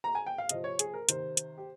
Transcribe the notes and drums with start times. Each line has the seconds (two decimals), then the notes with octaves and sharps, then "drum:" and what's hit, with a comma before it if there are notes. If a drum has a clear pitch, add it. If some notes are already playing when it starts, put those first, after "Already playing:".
0.04 A#5
0.15 G#5
0.27 G5
0.38 F5
0.49 C3 F3 D#5, drum: hi-hat
0.64 C#5
0.79 G#4, drum: hi-hat
0.94 A#4
1.09 C3 D#3 C5, drum: hi-hat
1.37 drum: hi-hat
1.58 G4